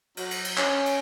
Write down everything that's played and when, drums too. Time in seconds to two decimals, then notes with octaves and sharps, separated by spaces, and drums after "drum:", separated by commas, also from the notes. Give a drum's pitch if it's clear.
0.17 F#3, drum: cymbal
0.31 drum: cymbal
0.44 drum: cymbal
0.57 C#4, drum: clap
0.86 drum: cymbal